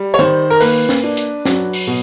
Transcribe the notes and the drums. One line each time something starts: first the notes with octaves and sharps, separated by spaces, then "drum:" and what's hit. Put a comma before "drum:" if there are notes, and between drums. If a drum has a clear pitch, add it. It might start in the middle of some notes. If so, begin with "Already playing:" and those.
Already playing: G3
C#5
D#3 C5
A#4
A#3 B4, drum: open hi-hat
drum: snare
D4
drum: hi-hat
F#3, drum: snare
drum: open hi-hat
B2